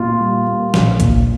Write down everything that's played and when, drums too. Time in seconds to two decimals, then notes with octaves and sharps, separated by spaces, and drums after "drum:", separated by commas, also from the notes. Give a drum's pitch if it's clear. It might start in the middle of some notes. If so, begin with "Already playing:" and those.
Already playing: A#2 F4 F5
0.20 G3
0.47 A#3
0.74 A#1, drum: snare
1.00 A#2, drum: kick A1, hi-hat